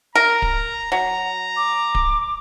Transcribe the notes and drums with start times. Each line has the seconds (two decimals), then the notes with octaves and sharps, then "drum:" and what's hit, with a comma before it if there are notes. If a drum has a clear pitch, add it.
0.15 A#4 A#5
0.42 drum: kick D1
0.92 F#3 A#5
1.57 D6
1.95 drum: kick D1